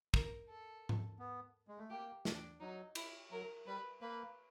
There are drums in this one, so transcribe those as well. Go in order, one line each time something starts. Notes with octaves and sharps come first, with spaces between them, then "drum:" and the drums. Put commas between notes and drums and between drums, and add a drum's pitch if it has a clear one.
A#4, drum: kick
A4
drum: tom G#2
B3
G#3
A3
A#3 G4
D4, drum: snare
F#3 D#4
E4, drum: cymbal
F#3 A#4
G3 B4
A#3 B4